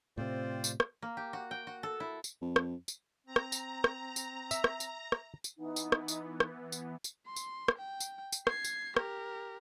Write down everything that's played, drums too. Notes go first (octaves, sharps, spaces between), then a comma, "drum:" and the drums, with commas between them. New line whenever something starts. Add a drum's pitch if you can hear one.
A2 C3 C4 F4 C5 D5
drum: tambourine
drum: rim click
A#3
G4
F#4
G5
F#4
A4
E4
drum: tambourine
F2
drum: rim click
drum: tambourine
C4 A#5
drum: rim click
drum: tambourine
drum: rim click
drum: tambourine
E5, drum: tambourine
drum: rim click
drum: tambourine
drum: rim click
drum: tambourine
E3 B3 D#4
drum: tambourine
drum: rim click
drum: tambourine
drum: rim click
drum: tambourine
drum: tambourine
C6
drum: tambourine
drum: rim click
G5
drum: tambourine
drum: tambourine
G#6 C7, drum: rim click
drum: tambourine
G4 A#4, drum: rim click